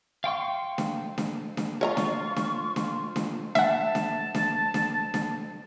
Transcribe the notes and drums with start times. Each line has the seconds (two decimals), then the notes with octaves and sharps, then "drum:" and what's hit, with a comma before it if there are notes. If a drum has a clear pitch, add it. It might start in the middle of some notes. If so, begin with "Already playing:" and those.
0.24 F5 G5 C6 C#6
0.78 drum: snare D4
1.18 drum: snare D4
1.57 drum: snare D4
1.81 F4 C#5 D#5 A#5 C#6
1.97 drum: snare D4
2.36 drum: snare D4
2.76 drum: snare D4
3.16 drum: snare D4
3.55 E5 F#5 A5, drum: snare D4
3.95 drum: snare D4
4.34 drum: snare D4
4.74 drum: snare D4
5.14 drum: snare D4